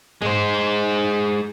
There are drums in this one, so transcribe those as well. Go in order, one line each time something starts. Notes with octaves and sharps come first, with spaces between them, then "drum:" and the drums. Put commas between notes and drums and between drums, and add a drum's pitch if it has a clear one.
G#3 C5, drum: tom G#2